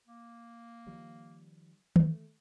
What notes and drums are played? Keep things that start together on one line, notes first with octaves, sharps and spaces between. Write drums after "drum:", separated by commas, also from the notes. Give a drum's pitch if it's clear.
A#3
D#3 F3 G3
A3, drum: tom D#3